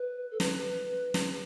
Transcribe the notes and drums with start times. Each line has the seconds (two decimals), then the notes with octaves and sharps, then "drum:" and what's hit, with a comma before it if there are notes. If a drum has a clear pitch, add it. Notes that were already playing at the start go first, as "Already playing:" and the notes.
Already playing: B4
0.31 A4
0.40 B4, drum: snare
1.14 drum: snare